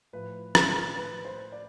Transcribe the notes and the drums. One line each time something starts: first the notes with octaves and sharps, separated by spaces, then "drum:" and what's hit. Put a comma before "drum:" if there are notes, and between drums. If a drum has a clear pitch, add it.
A2 F3 B4
A#4, drum: rim click
B4
C5
D5